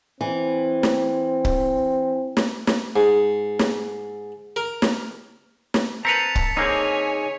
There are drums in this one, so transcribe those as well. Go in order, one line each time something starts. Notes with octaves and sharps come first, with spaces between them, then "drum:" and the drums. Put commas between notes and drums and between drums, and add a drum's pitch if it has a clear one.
E3 C4
drum: snare
drum: kick C#1
drum: snare
drum: snare
G#2
drum: snare
A#4
drum: snare
drum: snare
C4 A#4 B4 A5 A#5 B6 C#7 F7
drum: kick C#1
D3 A#3 C4 D#4 G#4 C#5 G#5